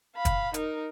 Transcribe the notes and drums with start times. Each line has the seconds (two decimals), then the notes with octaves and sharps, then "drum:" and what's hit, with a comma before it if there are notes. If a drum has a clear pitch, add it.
0.16 F5 B5
0.25 drum: kick, hi-hat
0.54 D#4 A#4, drum: hi-hat